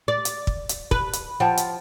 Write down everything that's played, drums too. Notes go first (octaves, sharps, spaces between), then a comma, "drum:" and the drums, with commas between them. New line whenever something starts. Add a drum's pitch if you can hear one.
D5
drum: hi-hat
drum: kick
drum: hi-hat
B4, drum: kick
drum: hi-hat
F3 F#5 G5 A5
drum: hi-hat